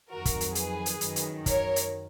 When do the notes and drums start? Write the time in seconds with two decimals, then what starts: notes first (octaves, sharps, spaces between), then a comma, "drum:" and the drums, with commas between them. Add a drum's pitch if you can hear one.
0.10 F2 D#3 F#3 F#4 A#4
0.25 drum: kick, hi-hat
0.41 drum: hi-hat
0.55 G#4 B4, drum: hi-hat
0.86 drum: hi-hat
1.01 F#2 D#3 F#3, drum: hi-hat
1.16 drum: hi-hat
1.46 A#4 C#5, drum: kick, hi-hat
1.76 drum: hi-hat